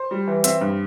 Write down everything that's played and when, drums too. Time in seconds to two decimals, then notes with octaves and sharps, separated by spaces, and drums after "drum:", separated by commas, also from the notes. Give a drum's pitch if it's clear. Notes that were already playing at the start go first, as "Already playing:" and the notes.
Already playing: C5
0.11 G3
0.28 E3
0.44 C4 E5, drum: hi-hat
0.61 G2